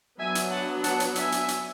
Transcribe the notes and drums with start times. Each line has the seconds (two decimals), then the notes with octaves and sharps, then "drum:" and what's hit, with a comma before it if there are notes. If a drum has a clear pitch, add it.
0.19 F#3 B3 D4 E5 G#5
0.35 drum: hi-hat
0.51 F#5 A5
0.84 F#5 A5, drum: hi-hat
1.00 drum: hi-hat
1.15 E5 G#5, drum: hi-hat
1.32 drum: hi-hat
1.48 drum: hi-hat